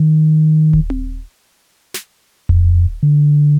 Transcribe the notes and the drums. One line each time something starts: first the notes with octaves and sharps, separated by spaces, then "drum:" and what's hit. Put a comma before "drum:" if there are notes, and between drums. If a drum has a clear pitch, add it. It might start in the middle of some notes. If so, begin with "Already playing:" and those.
Already playing: D#3
drum: kick D#1
drum: tom C4
drum: snare
F2, drum: kick D#1
D3